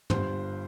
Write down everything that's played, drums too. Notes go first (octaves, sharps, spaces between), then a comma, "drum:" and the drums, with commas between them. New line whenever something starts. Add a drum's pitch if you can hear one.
G1 G2 D3 C5, drum: tom